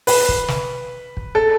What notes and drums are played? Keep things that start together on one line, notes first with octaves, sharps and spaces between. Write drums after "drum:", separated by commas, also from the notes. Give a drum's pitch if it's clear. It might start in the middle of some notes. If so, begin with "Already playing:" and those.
B4, drum: open hi-hat
drum: kick
drum: snare
drum: kick
A4